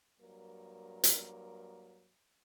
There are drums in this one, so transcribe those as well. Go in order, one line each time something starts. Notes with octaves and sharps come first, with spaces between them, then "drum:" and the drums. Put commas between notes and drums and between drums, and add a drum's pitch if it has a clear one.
G2 F#3 A#3 A#4
drum: hi-hat